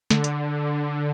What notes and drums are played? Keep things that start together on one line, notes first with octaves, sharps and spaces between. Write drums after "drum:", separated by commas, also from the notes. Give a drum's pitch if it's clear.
D3, drum: snare
drum: hi-hat